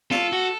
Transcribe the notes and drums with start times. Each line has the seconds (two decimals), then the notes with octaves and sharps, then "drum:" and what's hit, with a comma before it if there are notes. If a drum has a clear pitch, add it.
0.11 F4 A4, drum: snare
0.33 F#4